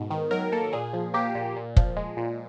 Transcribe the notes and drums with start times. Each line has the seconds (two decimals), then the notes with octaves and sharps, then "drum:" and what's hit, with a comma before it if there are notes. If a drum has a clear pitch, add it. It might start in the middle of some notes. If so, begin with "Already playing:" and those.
Already playing: G#2 B2
0.11 D#3
0.31 F#3 A#4
0.52 A#3 A4
0.73 A#2 G#4
0.93 F3
1.14 A#3 G4
1.35 A#2
1.56 A#2
1.77 F3, drum: kick
1.96 G#3
2.17 A#2